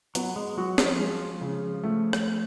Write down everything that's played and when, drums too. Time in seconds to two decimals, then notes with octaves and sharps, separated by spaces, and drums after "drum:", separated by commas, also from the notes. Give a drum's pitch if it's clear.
0.15 F#3 B3, drum: hi-hat
0.36 G#3
0.58 F#3 F#4
0.78 F3, drum: snare
0.99 G#3
1.41 C#3
1.83 A3
2.13 drum: rim click